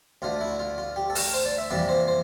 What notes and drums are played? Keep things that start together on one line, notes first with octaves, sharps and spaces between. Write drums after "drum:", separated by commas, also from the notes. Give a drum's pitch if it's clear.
D2 D3 A3 F4
E4
F4
F4
G4
A4
A#4, drum: open hi-hat
C5
D5
E5
F2 C3 E3 G3 A#3 D5
C5
C5